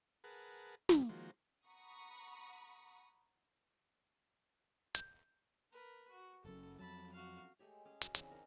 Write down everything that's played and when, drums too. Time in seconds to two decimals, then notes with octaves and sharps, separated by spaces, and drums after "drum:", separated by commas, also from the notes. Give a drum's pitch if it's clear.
0.24 G#4 A#4 B4 F#5 A5
0.89 G2 E3 F3 G3, drum: snare
1.09 D#3 F3 G#3 A#3 F#4 C5
1.67 F#5 A#5 B5 C#6 D#6
4.95 G6, drum: hi-hat
5.72 A#4 B4
6.10 F#4
6.45 F#1 F#2 A4
6.79 F2 F#3 A5 B5
7.13 F#4 F5
7.59 G#3 A3 G4 C#5
7.85 C#4 G#4 D6
8.02 F#4, drum: hi-hat
8.15 C#3 E3 C4 D4, drum: hi-hat
8.30 D#4 A#4